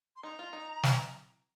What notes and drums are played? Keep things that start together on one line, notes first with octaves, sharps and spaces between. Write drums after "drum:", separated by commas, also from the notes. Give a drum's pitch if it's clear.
C6
D#4 A#5
F4
D#4
drum: snare